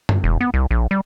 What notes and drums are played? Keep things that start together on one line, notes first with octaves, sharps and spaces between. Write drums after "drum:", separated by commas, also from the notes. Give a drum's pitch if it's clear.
drum: tom F#2
E1
B3
C2
A#1
G3